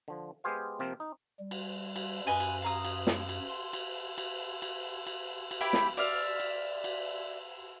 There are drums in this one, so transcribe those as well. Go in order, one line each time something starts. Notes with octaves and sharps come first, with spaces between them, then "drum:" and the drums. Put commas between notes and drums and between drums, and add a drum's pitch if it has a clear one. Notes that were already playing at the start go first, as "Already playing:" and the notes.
D3 F3
G#3 B3 G4 G#4 C5 F5
C3 F3 A#3 C4 F4
D#4
G3
drum: cymbal
drum: cymbal
F#2 B4 D#5 G#5
drum: cymbal
F5 A#5 D#6
drum: cymbal
drum: snare
drum: cymbal
C6
drum: cymbal
drum: cymbal
drum: cymbal
drum: cymbal
drum: cymbal
E4 G4 B5
drum: snare
D5 E5 F5, drum: cymbal
drum: cymbal
drum: cymbal